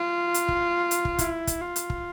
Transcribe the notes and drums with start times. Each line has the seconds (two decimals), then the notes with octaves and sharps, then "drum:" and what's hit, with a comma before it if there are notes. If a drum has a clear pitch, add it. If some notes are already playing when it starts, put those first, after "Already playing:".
Already playing: F4
0.34 drum: hi-hat
0.48 drum: kick
0.91 drum: hi-hat
1.05 drum: kick
1.19 E4, drum: kick, hi-hat
1.47 drum: kick, hi-hat
1.61 F4
1.76 drum: hi-hat
1.90 drum: kick